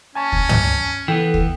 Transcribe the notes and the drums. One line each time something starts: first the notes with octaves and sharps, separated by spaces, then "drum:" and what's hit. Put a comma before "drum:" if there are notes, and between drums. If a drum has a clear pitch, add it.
C#4 G#5 A5 C#6
drum: kick
drum: tom
E3 B3 A4 G5
drum: kick